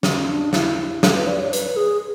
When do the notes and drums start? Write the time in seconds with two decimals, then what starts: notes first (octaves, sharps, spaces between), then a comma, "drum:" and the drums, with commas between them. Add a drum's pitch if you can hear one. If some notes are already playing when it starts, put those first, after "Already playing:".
0.03 C#4, drum: snare
0.28 D4
0.53 E4, drum: snare
0.78 E4
1.03 A4, drum: snare
1.15 B4
1.27 D5
1.39 C#5
1.53 B4, drum: hi-hat
1.76 G#4